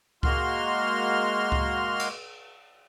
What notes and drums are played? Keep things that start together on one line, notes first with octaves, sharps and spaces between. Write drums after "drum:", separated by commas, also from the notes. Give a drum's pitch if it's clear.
G#3 A#3 F#4 C6 F6, drum: kick C#2
drum: kick C#2
drum: cymbal